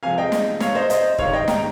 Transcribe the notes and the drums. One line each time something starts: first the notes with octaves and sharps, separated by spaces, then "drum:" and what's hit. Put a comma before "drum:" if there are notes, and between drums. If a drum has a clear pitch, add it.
C3 F3 G#3 F5 G#5
D#5 G5
drum: snare
C#5 F5, drum: snare
C5 D#5
C5 D#5, drum: hi-hat
G#2 D#3 G3 C#5 F5, drum: kick
D#5 G5
G5 A#5, drum: snare